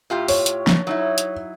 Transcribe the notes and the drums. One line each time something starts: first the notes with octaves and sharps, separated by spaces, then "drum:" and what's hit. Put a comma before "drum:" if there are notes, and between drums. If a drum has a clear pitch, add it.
A2 F4 G4
C#5, drum: open hi-hat
drum: hi-hat
drum: snare
F#3 D#4 E4
drum: hi-hat